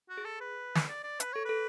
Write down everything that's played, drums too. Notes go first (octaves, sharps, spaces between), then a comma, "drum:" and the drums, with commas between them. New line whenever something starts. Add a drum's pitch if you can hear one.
F#4
G#4
A4
B4
drum: snare
D5
D5
B4, drum: hi-hat
A4 C#5
A4 B4